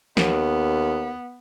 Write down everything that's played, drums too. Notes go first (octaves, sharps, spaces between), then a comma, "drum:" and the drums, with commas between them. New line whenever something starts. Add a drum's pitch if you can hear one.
D#2 B3, drum: snare